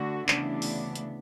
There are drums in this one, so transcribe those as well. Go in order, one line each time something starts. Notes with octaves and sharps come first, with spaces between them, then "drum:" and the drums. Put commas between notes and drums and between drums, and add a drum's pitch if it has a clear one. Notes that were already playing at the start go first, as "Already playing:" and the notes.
Already playing: D3 A3 F#4
D2 C#3 E3 B3 D4, drum: clap
drum: open hi-hat
drum: hi-hat